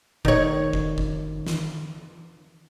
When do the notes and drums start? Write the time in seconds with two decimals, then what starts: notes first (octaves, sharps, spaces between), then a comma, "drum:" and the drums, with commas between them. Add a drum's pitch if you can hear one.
0.25 D#3 C#5, drum: kick F#1
0.73 drum: kick F#1
0.98 drum: kick F#1
1.47 drum: snare